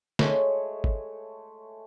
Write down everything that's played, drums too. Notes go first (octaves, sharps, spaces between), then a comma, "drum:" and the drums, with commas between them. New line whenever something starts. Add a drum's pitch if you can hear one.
G#3 A3 C#5, drum: snare
drum: kick G1